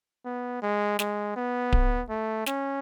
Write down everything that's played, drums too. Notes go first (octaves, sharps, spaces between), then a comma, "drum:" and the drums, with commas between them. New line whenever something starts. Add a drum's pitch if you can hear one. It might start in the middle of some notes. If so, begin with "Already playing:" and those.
B3
G#3
G#3, drum: snare
B3
drum: kick D1
A3
C#4, drum: snare